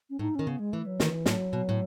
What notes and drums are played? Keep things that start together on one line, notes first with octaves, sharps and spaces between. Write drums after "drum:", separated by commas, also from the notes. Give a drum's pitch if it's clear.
C#4
A2 D#4
D#3 C#4
C#3 B3
G#3
E3 A3
F#3
D#3 E3, drum: snare
A2 F#3, drum: snare
B2
A2